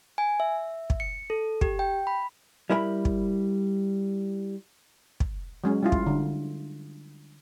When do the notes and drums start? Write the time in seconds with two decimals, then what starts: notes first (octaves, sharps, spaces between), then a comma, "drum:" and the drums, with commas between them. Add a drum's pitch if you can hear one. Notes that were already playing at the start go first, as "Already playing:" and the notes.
0.18 G#5
0.40 E5
0.90 drum: kick
1.00 C#7
1.30 A4
1.61 G4, drum: kick
1.79 G5
2.07 B5
2.70 G3 E4 A#4 B5
3.05 drum: kick
5.20 drum: kick
5.64 F#3 G#3 C#4
5.83 G3 E4 F4
5.92 drum: kick
6.07 D3